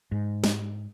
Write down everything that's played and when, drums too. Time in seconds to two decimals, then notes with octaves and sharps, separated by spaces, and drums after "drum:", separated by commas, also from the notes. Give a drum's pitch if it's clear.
0.12 G#2
0.44 drum: snare